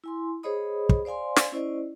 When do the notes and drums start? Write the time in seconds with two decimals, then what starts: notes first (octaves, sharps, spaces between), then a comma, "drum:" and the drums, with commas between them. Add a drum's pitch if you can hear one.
0.04 E4 G#5 C6
0.43 G#4 C5 C#5 D#5 B5 D#6
0.89 drum: kick
1.05 C5 D5 F5 G#5 C6
1.36 drum: snare
1.52 C#4 E4 C5 D5 D#5